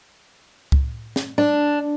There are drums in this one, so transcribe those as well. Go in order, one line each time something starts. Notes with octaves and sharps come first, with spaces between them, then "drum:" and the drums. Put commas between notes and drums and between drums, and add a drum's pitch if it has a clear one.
drum: kick C#2
drum: snare
D4